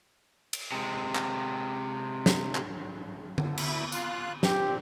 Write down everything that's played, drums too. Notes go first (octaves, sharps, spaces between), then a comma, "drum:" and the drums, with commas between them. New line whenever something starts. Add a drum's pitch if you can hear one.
drum: cymbal
C3 G#3
drum: clap
drum: snare
drum: clap
F#2 D3, drum: tom D3
D2 E4 B5, drum: cymbal
F4 F5 F#6, drum: tambourine
A#2 C4 G4, drum: snare